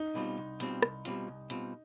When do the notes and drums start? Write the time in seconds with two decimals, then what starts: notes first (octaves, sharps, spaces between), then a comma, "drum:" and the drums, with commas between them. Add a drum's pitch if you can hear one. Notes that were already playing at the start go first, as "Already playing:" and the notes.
Already playing: D#4
0.15 B2 G3 C4 F4
0.37 C2
0.60 B2 G3 C4 F4, drum: hi-hat
0.83 C2, drum: rim click
1.05 B2 G3 C4 F4, drum: hi-hat
1.28 C2
1.50 B2 G3 C4 F4, drum: hi-hat